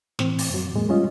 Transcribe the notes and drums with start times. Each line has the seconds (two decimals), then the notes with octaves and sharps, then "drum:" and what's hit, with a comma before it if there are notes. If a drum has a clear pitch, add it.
0.19 A2 E3 C4, drum: snare
0.39 drum: open hi-hat
0.50 F#2 F#3
0.73 E2 A2 G#3 A#3
0.89 G3 G#3 C#4 F4 D#5